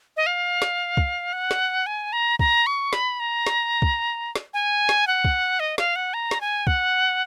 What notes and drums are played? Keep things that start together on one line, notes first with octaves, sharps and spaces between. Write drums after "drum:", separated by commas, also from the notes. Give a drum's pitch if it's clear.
D#5
F5
drum: snare
drum: kick
F#5
drum: snare
G#5
A#5
A#5, drum: kick
C#6
B5, drum: snare
A#5
drum: snare
drum: kick
drum: snare
G#5
drum: snare
F#5
drum: kick
D#5
F5, drum: snare
F#5
A#5
drum: snare
G#5
F#5, drum: kick